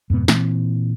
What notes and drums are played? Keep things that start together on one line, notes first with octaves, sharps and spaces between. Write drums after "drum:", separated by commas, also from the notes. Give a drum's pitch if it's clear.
F2 G#2 B2 B3
A#2 E3 C4, drum: snare